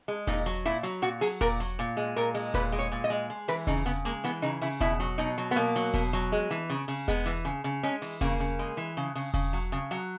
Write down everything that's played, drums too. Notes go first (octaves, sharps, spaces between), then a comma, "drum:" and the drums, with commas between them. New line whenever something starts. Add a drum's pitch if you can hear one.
G#3
A#2 D#4, drum: kick E1, open hi-hat
F#3, drum: hi-hat
A#2 E4, drum: hi-hat
F#3, drum: hi-hat
A#2 F#4, drum: hi-hat
F#3 G#4, drum: open hi-hat
A#2 A#4, drum: kick E1, open hi-hat
F#3, drum: hi-hat
A#2
G#3, drum: hi-hat
A#2 A#4, drum: hi-hat
G#3, drum: open hi-hat
A#2 B4, drum: kick E1, open hi-hat
G#3, drum: hi-hat
C#5
A#2, drum: hi-hat
D#5
G#3, drum: hi-hat
G#3, drum: hi-hat
E3 B4, drum: open hi-hat
C#3 D#4, drum: kick E1, open hi-hat
C#3 B3, drum: hi-hat
G#3 A#3, drum: hi-hat
E3 B3, drum: hi-hat
C#3 D#4, drum: hi-hat
C#3 E4, drum: open hi-hat
B2 E4, drum: kick E1
F#3, drum: hi-hat
B2 D#4, drum: hi-hat
F#3, drum: hi-hat
B3
B2 A#3, drum: hi-hat
F#3, drum: open hi-hat
B2, drum: kick E1, open hi-hat
F#3, drum: hi-hat
G#3
E3, drum: hi-hat
C#3, drum: hi-hat
C#3, drum: open hi-hat
G#3 B3, drum: kick E1, open hi-hat
E3, drum: hi-hat
C#3, drum: hi-hat
C#3, drum: hi-hat
G#3 C#4, drum: hi-hat
E3, drum: open hi-hat
C#3 A#3, drum: kick E1, open hi-hat
C#3, drum: hi-hat
G#3, drum: hi-hat
E3, drum: hi-hat
C#3, drum: hi-hat
C#3, drum: open hi-hat
C#3, drum: kick E1, open hi-hat
F#3, drum: hi-hat
C#3, drum: hi-hat
F#3, drum: hi-hat